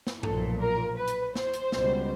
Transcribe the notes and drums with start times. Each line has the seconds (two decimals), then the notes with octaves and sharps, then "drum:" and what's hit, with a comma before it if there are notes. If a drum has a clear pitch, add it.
0.07 drum: snare
0.23 B1 A#2 F3 A4, drum: tom G2
0.60 A#4
0.97 B4
1.08 drum: hi-hat
1.35 C5, drum: snare
1.53 drum: hi-hat
1.72 C#2 B2 G3, drum: snare